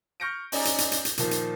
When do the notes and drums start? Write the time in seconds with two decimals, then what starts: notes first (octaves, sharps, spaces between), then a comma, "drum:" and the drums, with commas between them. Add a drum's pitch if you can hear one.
0.20 C#6 F6 G6 A#6 C#7 D7
0.52 C#4 D#4 D5 G#5 A#5, drum: open hi-hat
0.65 drum: hi-hat
0.78 drum: hi-hat
0.92 drum: hi-hat
1.05 drum: hi-hat
1.18 A#2 D#3 F3, drum: hi-hat
1.31 drum: hi-hat